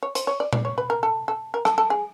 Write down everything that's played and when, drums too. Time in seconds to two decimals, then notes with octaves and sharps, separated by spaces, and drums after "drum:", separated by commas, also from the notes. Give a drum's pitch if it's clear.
0.03 C#5
0.15 C5, drum: hi-hat
0.27 C#5
0.40 D5
0.53 D5, drum: tom A#2
0.65 C#5
0.78 B4
0.90 A#4
1.03 A4
1.28 A4
1.54 A#4
1.65 A4, drum: rim click
1.78 A4
1.90 G#4